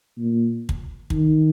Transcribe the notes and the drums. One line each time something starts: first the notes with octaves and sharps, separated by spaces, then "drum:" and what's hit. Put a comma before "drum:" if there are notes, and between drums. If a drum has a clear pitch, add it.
A#2
drum: kick
D#3, drum: kick